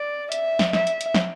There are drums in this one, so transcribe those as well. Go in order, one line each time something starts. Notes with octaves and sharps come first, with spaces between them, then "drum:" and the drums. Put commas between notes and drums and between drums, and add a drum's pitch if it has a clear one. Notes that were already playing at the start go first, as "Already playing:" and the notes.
Already playing: D5
E5, drum: hi-hat
drum: snare
E5, drum: snare
drum: hi-hat
drum: hi-hat
drum: snare